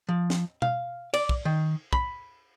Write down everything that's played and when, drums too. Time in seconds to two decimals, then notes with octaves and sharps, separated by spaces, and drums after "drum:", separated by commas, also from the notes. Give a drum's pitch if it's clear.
0.09 F3
0.30 drum: snare
0.62 F5, drum: tom B2
1.14 D5, drum: cymbal
1.29 drum: kick
1.45 D#3
1.93 B5, drum: kick